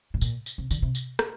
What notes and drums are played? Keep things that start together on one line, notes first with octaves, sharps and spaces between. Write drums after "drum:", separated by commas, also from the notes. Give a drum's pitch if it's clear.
A2
A#2, drum: tambourine
drum: tambourine
C3
D3, drum: tambourine
C3
drum: tambourine
drum: rim click